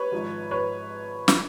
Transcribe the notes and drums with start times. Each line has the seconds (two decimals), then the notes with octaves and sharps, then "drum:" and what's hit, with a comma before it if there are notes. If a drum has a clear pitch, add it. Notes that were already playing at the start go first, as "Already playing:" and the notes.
Already playing: B4 C#5
0.12 G#1 G#2 F3
0.51 B4 C#5
1.28 drum: snare